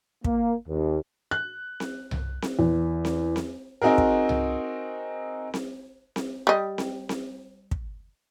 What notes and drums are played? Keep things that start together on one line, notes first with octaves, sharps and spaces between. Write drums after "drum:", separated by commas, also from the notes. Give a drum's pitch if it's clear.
A#3, drum: kick
D#2
F#6
drum: snare C4
drum: tom C2
drum: snare C4
E2
drum: snare C4
drum: snare C4
C4 D#4 F#4 G#4 A#4
drum: kick
drum: tom C2
drum: snare C4
drum: snare C4
G3 D#5
drum: snare C4
drum: snare C4
drum: kick